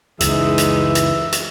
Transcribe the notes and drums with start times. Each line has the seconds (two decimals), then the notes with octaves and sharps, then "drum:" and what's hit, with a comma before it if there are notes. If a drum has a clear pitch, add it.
0.20 C#2 F#2 E3 G#3 D#4 E5, drum: hi-hat
0.58 drum: hi-hat
0.95 drum: hi-hat
1.32 drum: hi-hat